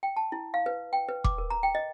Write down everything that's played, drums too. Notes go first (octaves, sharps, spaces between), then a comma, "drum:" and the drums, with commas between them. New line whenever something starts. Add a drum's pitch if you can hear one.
G5
A5
E4
F5
B4
G5
B4
D6, drum: kick E1
A#4
A#5
G5
D#5